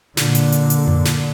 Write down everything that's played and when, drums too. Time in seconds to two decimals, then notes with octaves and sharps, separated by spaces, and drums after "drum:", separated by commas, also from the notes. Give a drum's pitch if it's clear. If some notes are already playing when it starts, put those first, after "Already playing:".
0.17 A#2 D3, drum: snare
0.35 drum: hi-hat
0.52 drum: hi-hat
0.70 drum: hi-hat
0.88 drum: tom F2
1.05 drum: snare